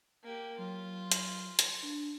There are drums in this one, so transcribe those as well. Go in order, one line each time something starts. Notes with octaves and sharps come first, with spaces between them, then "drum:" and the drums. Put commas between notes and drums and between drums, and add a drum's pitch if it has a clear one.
A#3 G4
F#3 F4
drum: hi-hat
drum: hi-hat
D4